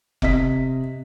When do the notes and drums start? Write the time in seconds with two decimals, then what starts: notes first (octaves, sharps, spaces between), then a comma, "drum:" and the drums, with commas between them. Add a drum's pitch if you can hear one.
0.22 C3 D#5 B6, drum: kick F1